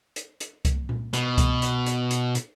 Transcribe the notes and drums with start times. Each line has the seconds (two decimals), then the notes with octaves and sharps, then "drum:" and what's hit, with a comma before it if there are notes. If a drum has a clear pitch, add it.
0.16 drum: hi-hat
0.40 drum: hi-hat
0.65 drum: kick C2, hi-hat
0.89 drum: tom A#2
1.13 B2, drum: hi-hat
1.38 drum: kick C2, hi-hat
1.62 drum: hi-hat
1.86 drum: hi-hat
2.11 drum: hi-hat
2.35 drum: hi-hat